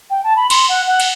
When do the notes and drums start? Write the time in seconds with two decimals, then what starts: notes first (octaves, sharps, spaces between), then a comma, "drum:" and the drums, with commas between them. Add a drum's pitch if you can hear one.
0.10 G5
0.24 A5
0.36 B5
0.50 C6, drum: cymbal
0.69 F#5
0.87 F#5
1.00 drum: cymbal